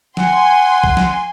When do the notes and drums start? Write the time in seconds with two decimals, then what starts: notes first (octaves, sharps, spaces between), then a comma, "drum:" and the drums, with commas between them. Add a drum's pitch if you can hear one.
0.17 F#5 G#5 C6, drum: snare
0.84 drum: kick
0.97 drum: snare